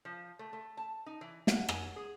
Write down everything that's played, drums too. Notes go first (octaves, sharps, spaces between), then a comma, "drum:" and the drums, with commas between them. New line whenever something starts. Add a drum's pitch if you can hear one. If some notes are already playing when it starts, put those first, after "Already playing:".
F3
A3
A3
A5
D#4
E3
F#5, drum: snare
G#5, drum: rim click
G#4